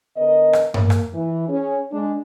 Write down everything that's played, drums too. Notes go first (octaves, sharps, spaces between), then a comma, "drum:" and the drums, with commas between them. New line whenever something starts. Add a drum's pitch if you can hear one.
D3 B3 A#4 D#5
drum: rim click
A#3, drum: tom G2
drum: rim click
E3
C#4 G#4
G#3 D4